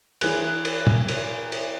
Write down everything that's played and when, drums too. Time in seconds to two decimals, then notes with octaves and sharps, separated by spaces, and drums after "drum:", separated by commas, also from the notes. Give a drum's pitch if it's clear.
0.21 E3 G#4 F#6, drum: cymbal
0.65 drum: cymbal
0.87 drum: tom
1.08 drum: cymbal
1.52 drum: cymbal